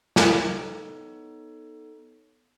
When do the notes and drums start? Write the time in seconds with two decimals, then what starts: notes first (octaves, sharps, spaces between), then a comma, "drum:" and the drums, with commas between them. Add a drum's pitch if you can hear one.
0.16 B3 D#4 A4 C#5, drum: snare